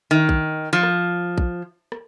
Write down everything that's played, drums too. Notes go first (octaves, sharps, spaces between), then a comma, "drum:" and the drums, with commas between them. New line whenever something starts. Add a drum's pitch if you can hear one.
D#3
drum: kick A#1
F3
drum: rim click
drum: kick A#1
drum: rim click